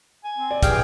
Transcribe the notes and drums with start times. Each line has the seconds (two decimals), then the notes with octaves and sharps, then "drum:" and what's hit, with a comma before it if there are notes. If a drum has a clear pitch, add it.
0.24 G#5
0.38 C4
0.51 D5
0.63 E3 G4 G#4 F5 G5, drum: kick, hi-hat